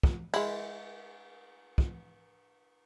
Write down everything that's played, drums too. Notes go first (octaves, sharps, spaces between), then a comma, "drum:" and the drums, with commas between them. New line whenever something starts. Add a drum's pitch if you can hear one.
drum: kick
G#3 E4, drum: cymbal
drum: kick